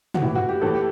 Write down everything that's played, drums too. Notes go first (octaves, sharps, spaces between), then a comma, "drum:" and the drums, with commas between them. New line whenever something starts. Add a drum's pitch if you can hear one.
F#4, drum: tom
A2 E3 E4
F#4
G4
A2 E3 A4
G4